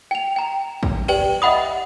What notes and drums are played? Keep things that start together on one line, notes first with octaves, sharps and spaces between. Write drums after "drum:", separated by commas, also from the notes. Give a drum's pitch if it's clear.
G5 F7
G5 A#5
drum: kick
G4 B4 D5 G5 F#7, drum: cymbal
D#5 E5 F#5 B5 D#6